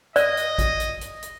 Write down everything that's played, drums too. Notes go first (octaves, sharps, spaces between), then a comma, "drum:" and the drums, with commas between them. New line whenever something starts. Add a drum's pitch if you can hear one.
D5 D#5, drum: hi-hat
drum: hi-hat
drum: kick A1, hi-hat
drum: hi-hat
drum: hi-hat
drum: hi-hat